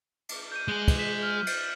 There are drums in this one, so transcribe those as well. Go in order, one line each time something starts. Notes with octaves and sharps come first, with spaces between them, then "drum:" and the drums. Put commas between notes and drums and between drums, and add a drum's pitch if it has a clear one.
drum: cymbal
G6 D#7
G#3 G#4 F#6 D#7 F#7
drum: kick, cymbal
B6 E7 F#7
F6
drum: cymbal